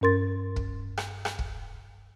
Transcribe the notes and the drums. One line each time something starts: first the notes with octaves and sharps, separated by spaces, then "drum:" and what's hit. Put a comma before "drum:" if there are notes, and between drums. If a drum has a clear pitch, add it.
G2 C#4 A#4 C6 A6
drum: kick
drum: rim click
drum: rim click
drum: kick